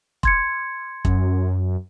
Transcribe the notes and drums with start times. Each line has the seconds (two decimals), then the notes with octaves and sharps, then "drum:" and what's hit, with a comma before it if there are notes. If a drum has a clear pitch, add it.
0.23 C6 G#6 C#7, drum: kick E1
1.05 F#2, drum: kick E1